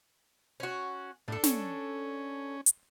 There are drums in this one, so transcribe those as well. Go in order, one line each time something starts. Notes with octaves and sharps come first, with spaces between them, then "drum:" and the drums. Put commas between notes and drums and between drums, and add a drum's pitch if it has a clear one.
C#4 F#4
A2 D4 A4
C#4, drum: snare
drum: hi-hat